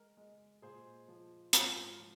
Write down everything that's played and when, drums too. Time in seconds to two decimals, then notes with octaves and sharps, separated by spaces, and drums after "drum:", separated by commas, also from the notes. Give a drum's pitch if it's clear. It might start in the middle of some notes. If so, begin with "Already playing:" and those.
Already playing: G#3 A#4
0.17 G#3
0.62 A#2 G#4 C5
1.08 F3
1.53 G#2 F4 A#4, drum: hi-hat
1.99 F3